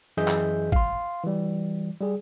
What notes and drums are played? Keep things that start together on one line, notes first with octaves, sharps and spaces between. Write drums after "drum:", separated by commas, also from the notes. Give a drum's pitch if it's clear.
F#2 E3 G#4 D#5 E5 G6
drum: clap
F5 C6, drum: kick G#1
E3 G3
G3 G#4